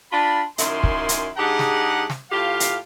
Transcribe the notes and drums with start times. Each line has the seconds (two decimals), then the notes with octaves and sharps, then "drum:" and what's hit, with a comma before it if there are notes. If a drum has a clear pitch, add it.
0.12 D4 F4 B5
0.58 F#2 D#3 E4 G#5 C6, drum: hi-hat
0.83 drum: kick
1.09 drum: hi-hat
1.37 G#2 D4 G4 G#4 F#5 A#5
1.59 drum: snare
2.10 drum: snare
2.31 A2 F4 G4 F5
2.60 drum: hi-hat